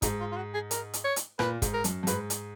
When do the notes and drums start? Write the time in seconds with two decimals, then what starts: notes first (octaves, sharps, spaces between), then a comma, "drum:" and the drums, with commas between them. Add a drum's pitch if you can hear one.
0.02 G#2 D#4, drum: kick, hi-hat
0.20 F4
0.32 F4
0.37 F#4
0.54 G#4
0.71 A#4, drum: hi-hat
0.94 drum: hi-hat
1.04 C#5
1.16 drum: hi-hat
1.39 A#2 B4, drum: rim click
1.62 G#2, drum: kick, hi-hat
1.74 A#4
1.84 F#2, drum: hi-hat
2.03 F#2
2.07 G#2 B4, drum: hi-hat
2.30 drum: hi-hat